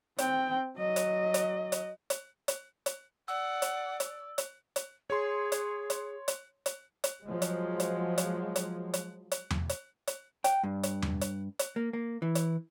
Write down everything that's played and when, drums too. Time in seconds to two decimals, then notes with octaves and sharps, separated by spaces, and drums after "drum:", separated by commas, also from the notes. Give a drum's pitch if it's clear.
0.18 C4 G5, drum: hi-hat
0.77 F#3 D#5
0.96 drum: hi-hat
1.34 drum: hi-hat
1.72 drum: hi-hat
2.10 drum: hi-hat
2.48 drum: hi-hat
2.86 drum: hi-hat
3.28 D5 F#5 E6
3.62 drum: hi-hat
4.00 drum: hi-hat
4.38 drum: hi-hat
4.76 drum: hi-hat
5.10 G#4 C#5 C6
5.52 drum: hi-hat
5.90 drum: hi-hat
6.28 drum: hi-hat
6.66 drum: hi-hat
7.04 drum: hi-hat
7.25 F3 F#3 G#3
7.42 drum: hi-hat
7.80 drum: hi-hat
8.18 drum: hi-hat
8.56 drum: hi-hat
8.94 drum: hi-hat
9.32 drum: hi-hat
9.50 drum: tom E2
9.69 drum: hi-hat
10.07 drum: hi-hat
10.44 G5, drum: hi-hat
10.63 G2
10.83 drum: hi-hat
11.02 drum: tom E2
11.21 drum: hi-hat
11.59 drum: hi-hat
11.76 A#3
11.93 A#3
12.22 E3
12.35 drum: hi-hat